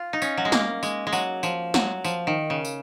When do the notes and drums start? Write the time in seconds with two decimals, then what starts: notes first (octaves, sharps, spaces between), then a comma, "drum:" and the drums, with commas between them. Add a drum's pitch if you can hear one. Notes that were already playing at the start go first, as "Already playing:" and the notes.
Already playing: F4
0.13 D#4
0.22 C#4, drum: tambourine
0.37 F#3
0.45 G#3
0.52 A#3, drum: snare
0.83 G#3, drum: tambourine
1.07 G#3
1.13 F#3, drum: tambourine
1.43 F3, drum: tambourine
1.74 F#3, drum: snare
2.04 F3, drum: tambourine
2.27 D#3
2.50 C#3
2.65 drum: tambourine